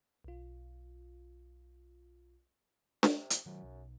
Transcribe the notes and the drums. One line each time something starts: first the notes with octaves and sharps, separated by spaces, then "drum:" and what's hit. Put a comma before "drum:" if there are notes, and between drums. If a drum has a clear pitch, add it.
B1 F4
C3, drum: snare D4
drum: hi-hat
F#2 D#3 F#3
B1